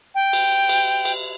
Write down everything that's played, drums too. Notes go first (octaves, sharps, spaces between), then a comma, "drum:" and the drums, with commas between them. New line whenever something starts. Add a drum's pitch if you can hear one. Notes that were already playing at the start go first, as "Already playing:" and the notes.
G5
drum: cymbal
drum: cymbal
drum: cymbal